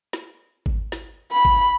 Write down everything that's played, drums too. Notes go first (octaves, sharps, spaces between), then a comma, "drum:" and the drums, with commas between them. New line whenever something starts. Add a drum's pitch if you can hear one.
drum: snare
drum: kick G#1
drum: snare
B5
drum: kick G#1